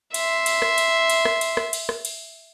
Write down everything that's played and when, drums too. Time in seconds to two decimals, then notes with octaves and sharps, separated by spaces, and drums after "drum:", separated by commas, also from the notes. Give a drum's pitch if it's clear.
0.14 E5 C6, drum: cymbal
0.46 drum: cymbal
0.62 drum: rim click
0.78 drum: cymbal
1.10 drum: cymbal
1.25 drum: rim click
1.41 drum: cymbal
1.57 drum: rim click
1.73 drum: cymbal
1.89 drum: rim click
2.05 drum: cymbal